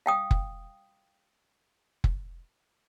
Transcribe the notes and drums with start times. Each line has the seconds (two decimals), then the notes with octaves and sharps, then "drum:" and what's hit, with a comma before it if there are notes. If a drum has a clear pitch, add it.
0.06 F5 G5 D#6
0.31 drum: kick
2.04 drum: kick